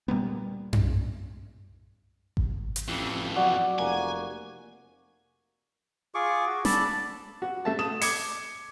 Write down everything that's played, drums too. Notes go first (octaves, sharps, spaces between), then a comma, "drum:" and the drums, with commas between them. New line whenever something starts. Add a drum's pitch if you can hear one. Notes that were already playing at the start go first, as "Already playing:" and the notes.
A#2 G3 A#3 B3
drum: tom F#2
drum: kick G#1
drum: hi-hat
A1 F2 E3
F#3 F#4 D5 F#5
F1 A#3 G#5
F4 G#4 C#6 D6
F#4
A4 D5 A5 B5, drum: snare
F#4
A3 E5 A5
D#6 E7
D6 G#6 C#7, drum: open hi-hat